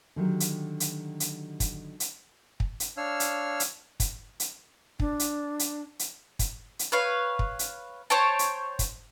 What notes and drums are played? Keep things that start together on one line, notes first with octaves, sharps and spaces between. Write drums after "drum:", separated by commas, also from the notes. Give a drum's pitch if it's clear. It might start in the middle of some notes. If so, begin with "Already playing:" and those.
D3 D#3 F#3 G4
drum: hi-hat
drum: hi-hat
drum: hi-hat
drum: kick, hi-hat
drum: hi-hat
drum: kick
drum: hi-hat
D4 C#5 F5 E6 F6
drum: hi-hat
drum: hi-hat
drum: kick, hi-hat
drum: hi-hat
D4, drum: kick
drum: hi-hat
drum: hi-hat
drum: hi-hat
drum: kick, hi-hat
drum: hi-hat
B4 C#5 F5
drum: kick
drum: hi-hat
C5 C#5 G5 A5
drum: hi-hat
drum: kick, hi-hat